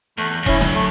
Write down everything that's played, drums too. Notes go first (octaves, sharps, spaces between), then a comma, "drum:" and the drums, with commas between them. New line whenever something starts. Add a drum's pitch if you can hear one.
E2 A3
E2
F#2 C#4 E4, drum: kick E1
drum: snare
A3